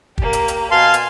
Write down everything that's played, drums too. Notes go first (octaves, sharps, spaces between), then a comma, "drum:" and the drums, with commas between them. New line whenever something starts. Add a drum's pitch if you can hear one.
A#3 G4, drum: kick
drum: hi-hat
drum: hi-hat
B2 F5 G#5 A5 C6
drum: hi-hat